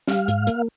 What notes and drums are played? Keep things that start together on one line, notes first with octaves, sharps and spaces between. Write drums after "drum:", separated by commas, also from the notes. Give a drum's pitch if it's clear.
G3 F5, drum: snare
G#2, drum: hi-hat
A#3, drum: hi-hat